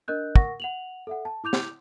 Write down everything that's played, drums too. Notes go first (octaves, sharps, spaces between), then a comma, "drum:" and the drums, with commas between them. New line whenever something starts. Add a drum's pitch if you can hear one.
D4 A#4 D#5 F#6 G6
A#4 F#5 C#6 A#6, drum: kick
F#5 F7 F#7
A4 E5 F#5
A5
E4 D6 G6 F7
drum: snare